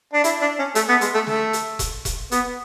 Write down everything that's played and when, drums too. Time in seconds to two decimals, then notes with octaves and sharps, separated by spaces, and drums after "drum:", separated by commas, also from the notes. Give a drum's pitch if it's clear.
0.13 D4
0.24 E4, drum: hi-hat
0.41 D4
0.59 C#4
0.75 A3, drum: hi-hat
0.89 B3
1.01 G#3, drum: hi-hat
1.14 A3
1.27 A3, drum: snare
1.53 drum: hi-hat
1.79 drum: kick E1, hi-hat
2.05 drum: kick E1, hi-hat
2.32 B3, drum: hi-hat